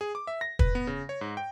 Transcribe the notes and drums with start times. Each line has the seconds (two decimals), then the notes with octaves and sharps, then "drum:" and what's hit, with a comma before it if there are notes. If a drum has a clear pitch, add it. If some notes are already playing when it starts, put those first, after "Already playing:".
0.01 G#4
0.15 D6
0.27 E5
0.41 A#6
0.59 B4, drum: kick
0.75 B3
0.87 C#3
1.09 C#5
1.21 G#2
1.37 G5